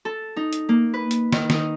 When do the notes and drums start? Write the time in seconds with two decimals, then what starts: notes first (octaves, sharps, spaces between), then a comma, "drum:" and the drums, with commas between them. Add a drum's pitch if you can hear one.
0.05 A4
0.36 D#4
0.53 drum: hi-hat
0.69 A#3
0.94 B4
1.11 drum: hi-hat
1.33 D#3, drum: snare
1.50 D#4, drum: snare